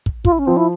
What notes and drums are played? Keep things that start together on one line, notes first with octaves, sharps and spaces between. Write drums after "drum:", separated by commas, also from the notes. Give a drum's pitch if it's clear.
drum: kick
F4, drum: kick
E4
C#4
F3 C4
E4